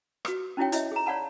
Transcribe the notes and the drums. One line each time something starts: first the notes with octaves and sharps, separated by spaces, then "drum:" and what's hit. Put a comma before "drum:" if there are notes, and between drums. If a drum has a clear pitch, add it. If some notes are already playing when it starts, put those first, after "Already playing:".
F#4 B4, drum: rim click
C#4 D#4 E4 F#4 C#5 G5
E4 C#5 D#5 E5, drum: hi-hat
G#4 A#5
C#5 D5 F5 F#5 A5 B5